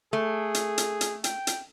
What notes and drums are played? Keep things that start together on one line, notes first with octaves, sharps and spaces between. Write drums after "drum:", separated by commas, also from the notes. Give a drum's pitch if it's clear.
A3 G#4
drum: hi-hat
drum: hi-hat
drum: hi-hat
G5, drum: hi-hat
drum: hi-hat